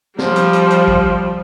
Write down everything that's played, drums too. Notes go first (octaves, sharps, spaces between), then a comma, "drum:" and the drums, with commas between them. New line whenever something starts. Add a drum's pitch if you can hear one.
F3 G3, drum: snare
drum: hi-hat
drum: hi-hat
drum: hi-hat
drum: kick A1